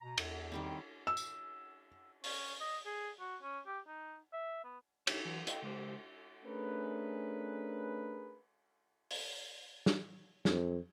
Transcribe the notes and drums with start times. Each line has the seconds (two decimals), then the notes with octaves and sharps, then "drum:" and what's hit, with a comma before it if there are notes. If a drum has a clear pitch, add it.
0.01 B2 A#5
0.18 E2, drum: cymbal
0.52 D#3 G3 C4
1.07 E6
1.17 drum: tambourine
2.24 C#4, drum: open hi-hat
2.60 D#5
2.86 G#4
3.20 F#4
3.42 C#4
3.66 G4
3.87 D#4
4.33 E5
4.64 B3
5.07 D#4 G4 C#5, drum: cymbal
5.25 E3 F#3
5.47 F4 A4 D#5 F5 G5, drum: hi-hat
5.62 C#3 G#3 G4 A#4 C5
6.44 A3 C#4 D4 G#4 A#4 B4
9.11 drum: open hi-hat
9.86 drum: snare
10.45 F2, drum: snare